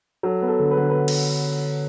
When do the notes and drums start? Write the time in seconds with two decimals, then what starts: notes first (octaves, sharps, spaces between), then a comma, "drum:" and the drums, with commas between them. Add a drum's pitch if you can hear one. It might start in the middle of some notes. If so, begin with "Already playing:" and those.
0.23 F#3 A4
0.42 B3
0.48 A4
0.59 D3
0.71 B4
0.77 D3
0.90 B4
1.08 drum: cymbal